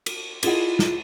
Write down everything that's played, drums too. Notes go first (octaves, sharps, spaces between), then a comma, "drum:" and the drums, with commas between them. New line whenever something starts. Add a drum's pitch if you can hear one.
drum: cymbal
E4 F4 G#4 D#5 F#5, drum: cymbal
drum: snare